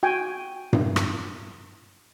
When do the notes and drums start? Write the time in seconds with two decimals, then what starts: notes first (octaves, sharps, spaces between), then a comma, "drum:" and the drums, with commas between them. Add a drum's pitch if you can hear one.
0.03 F#4 G5 G#5
0.73 drum: tom G2
0.96 drum: rim click